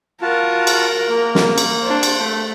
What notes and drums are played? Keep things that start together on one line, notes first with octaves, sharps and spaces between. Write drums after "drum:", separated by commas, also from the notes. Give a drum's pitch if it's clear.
F4 F#4 A#4 A5
drum: cymbal
A#3
drum: snare
drum: cymbal
D4 C5
drum: cymbal
A3